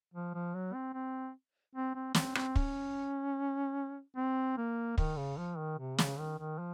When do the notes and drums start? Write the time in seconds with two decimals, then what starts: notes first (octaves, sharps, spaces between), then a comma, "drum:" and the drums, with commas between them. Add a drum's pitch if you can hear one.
0.14 F3
0.34 F3
0.55 F#3
0.73 C4
0.94 C4
1.75 C4
1.95 C4
2.15 C4, drum: snare
2.35 C4, drum: rim click
2.56 C#4, drum: kick
4.16 C4
4.57 A#3
4.98 D#3, drum: kick
5.17 C#3
5.37 F3
5.58 D#3
5.78 C3
5.98 C#3, drum: snare
6.18 D#3
6.38 D#3
6.58 F3